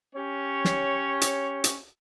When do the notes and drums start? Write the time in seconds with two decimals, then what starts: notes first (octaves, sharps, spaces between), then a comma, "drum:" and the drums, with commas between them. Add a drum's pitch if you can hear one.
0.16 C#4 G4 C#5
0.65 drum: snare
1.21 drum: hi-hat
1.64 drum: hi-hat